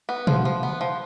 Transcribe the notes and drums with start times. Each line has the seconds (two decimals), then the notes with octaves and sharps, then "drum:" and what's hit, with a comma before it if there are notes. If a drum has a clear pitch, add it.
0.09 B3
0.27 F3, drum: tom B2
0.45 F3
0.63 B3
0.81 F3